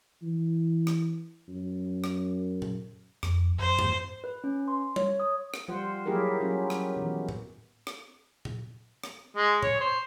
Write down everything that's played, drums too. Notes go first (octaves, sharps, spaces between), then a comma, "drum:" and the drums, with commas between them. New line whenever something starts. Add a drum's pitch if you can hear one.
E3
drum: rim click
F#2
drum: rim click
drum: tom A#2
F2, drum: rim click
F#2 C5
drum: tom G#2
B4
C#4
C6
C#5, drum: tom
D#6
drum: rim click
F3 G3 F4 C5 F#5
F#3 A#3 E4 G4 G#4 A#4
F#3 C#4 F4
drum: rim click
B2 D#3 E3
drum: tom A2
drum: rim click
drum: tom A#2
drum: rim click
G#3
C#5, drum: tom A2
C5